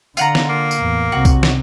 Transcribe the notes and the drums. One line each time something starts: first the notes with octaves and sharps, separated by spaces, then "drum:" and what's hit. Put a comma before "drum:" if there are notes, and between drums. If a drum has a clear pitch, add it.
D3 F4 F#5 A#5, drum: tambourine
drum: snare
A#3
drum: tambourine
E2 A2
C2 C3 F#4
drum: kick B1, tambourine
drum: snare